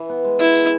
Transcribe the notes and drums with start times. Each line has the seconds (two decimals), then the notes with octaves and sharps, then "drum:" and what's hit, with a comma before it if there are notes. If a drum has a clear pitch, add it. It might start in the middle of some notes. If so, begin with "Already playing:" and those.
Already playing: E3
0.09 B3
0.24 G#3
0.39 E3 E4, drum: tambourine
0.55 E3, drum: tambourine